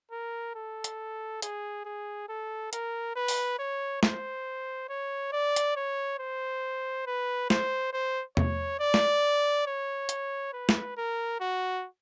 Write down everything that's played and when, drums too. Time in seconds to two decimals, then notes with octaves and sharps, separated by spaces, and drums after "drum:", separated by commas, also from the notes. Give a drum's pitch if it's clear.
0.12 A#4
0.56 A4
0.84 drum: hi-hat
1.42 G#4, drum: hi-hat
1.85 G#4
2.29 A4
2.73 A#4, drum: hi-hat
3.16 B4
3.28 drum: open hi-hat
3.59 C#5
4.03 C5, drum: snare
4.89 C#5
5.33 D5
5.56 drum: hi-hat
5.76 C#5
6.19 C5
7.07 B4
7.50 C5, drum: snare
7.93 C5
8.37 C#5, drum: tom
8.80 D5
8.94 drum: snare
9.67 C#5
10.09 drum: hi-hat
10.53 B4
10.69 drum: snare
10.97 A#4
11.41 F#4